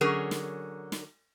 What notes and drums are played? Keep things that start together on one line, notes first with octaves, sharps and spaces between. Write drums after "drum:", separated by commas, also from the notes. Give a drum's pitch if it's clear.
D3 F#3 C#4 G#4 A#4
drum: snare
drum: snare